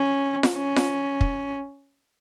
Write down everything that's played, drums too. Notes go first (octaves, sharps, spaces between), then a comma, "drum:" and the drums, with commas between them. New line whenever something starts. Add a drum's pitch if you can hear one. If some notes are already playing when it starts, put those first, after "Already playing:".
Already playing: C#4
drum: snare F4
C#4
drum: snare F4
drum: kick